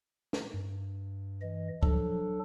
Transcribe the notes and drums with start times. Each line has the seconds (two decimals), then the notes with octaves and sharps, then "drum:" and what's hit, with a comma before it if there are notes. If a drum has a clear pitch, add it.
0.33 drum: snare
0.54 G2
1.42 E3 D#5
1.83 F3 F#3 D4 A4, drum: kick